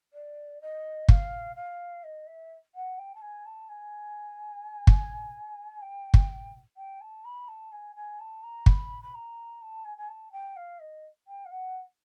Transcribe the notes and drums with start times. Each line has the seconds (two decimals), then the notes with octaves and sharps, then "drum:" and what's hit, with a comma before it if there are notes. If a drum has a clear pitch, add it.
0.13 D5
0.61 D#5
1.09 F5, drum: kick
1.56 F5
2.03 D#5
2.26 E5
2.75 F#5
2.98 G5
3.15 A5
3.21 G#5
3.45 A5
3.69 G#5
4.87 drum: kick
5.82 G5
6.14 drum: kick
6.77 G5
7.01 A5
7.24 B5
7.48 A5
7.72 G#5
7.95 G#5
8.19 A5
8.43 A#5
8.66 B5, drum: kick
9.02 B5
9.14 A#5
9.61 A5
9.85 G#5
9.97 G#5
10.08 A5
10.32 G5
10.56 F5
10.79 D#5
11.27 G5
11.45 F5
11.51 F#5